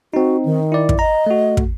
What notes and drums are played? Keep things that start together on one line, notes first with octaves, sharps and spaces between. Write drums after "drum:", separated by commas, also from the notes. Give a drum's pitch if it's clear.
C4 D#4 F#4
D#3
E4 D5
drum: kick
D#5 A#5
A3 F#4
drum: kick